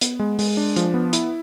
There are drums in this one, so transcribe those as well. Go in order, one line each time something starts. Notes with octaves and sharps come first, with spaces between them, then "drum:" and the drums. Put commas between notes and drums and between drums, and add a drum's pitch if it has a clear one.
B3, drum: hi-hat
G#3
G#3, drum: open hi-hat
D4
F3, drum: hi-hat
B3
E4, drum: hi-hat